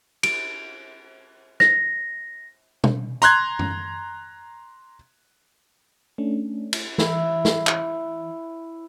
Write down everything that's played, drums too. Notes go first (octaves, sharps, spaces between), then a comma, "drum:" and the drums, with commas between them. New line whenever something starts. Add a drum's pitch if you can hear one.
D7, drum: cymbal
A#6, drum: rim click
drum: tom
A#5 C6 F#6 G#6, drum: hi-hat
drum: tom F#2
A3 C#4 D4
drum: cymbal
E3 E4, drum: snare
drum: snare
drum: clap